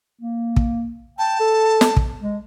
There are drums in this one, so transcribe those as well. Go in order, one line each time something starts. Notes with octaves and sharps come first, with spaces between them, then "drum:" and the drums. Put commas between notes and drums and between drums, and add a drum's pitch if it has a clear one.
A#3
drum: kick
G5 A5
A4
drum: snare
drum: kick
G#3